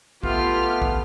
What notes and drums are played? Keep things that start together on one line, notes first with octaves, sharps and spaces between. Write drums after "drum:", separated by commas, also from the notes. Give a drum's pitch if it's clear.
A3 B3 F4 G4 F6, drum: kick A#1
drum: kick A#1